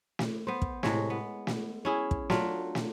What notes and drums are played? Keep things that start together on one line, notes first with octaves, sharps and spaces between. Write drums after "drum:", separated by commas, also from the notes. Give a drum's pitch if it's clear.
drum: snare
B3 C5
drum: kick
A2 C3 G#3 C#5, drum: snare
B3
drum: snare
C#4 E4 G#4
drum: kick
F#3 A3 D4 F4, drum: snare
drum: snare